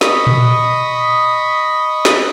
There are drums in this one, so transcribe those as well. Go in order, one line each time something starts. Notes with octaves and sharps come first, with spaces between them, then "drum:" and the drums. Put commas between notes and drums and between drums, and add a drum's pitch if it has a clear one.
D#5 B5 C#6 D#6, drum: snare
drum: tom A#2
drum: snare